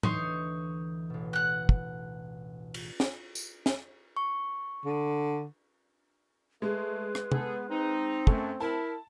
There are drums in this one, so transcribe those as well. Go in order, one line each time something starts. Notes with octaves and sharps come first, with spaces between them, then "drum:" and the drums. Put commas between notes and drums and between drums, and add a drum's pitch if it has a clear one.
D2 E3 D#4 C#5 C6, drum: tom A2
A1 B2
F#5 F#6
drum: kick
drum: cymbal
drum: snare
drum: tambourine
drum: snare
C#6
D3
G#3 A3 B4
drum: rim click
B3 G#4 A4, drum: tom
C4 D#4
F#2 A3, drum: kick
E4 A#4 A5